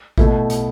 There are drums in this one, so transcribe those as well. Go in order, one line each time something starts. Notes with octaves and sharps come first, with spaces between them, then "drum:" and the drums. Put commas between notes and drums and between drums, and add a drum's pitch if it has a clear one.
B2 A3 E4, drum: kick A1
drum: hi-hat